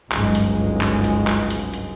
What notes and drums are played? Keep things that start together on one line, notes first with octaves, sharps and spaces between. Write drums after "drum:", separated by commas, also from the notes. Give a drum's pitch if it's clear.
G1 C#2 G#2 F#3 G#3, drum: clap
drum: hi-hat
drum: clap
drum: hi-hat
drum: clap
drum: hi-hat
drum: hi-hat